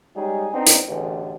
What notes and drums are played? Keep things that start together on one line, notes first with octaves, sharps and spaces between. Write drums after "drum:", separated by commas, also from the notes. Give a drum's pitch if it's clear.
G3 G#3 C#4 D#4 G#4
B3 C4 D4 D#4
drum: hi-hat
A1 E2 B2 D3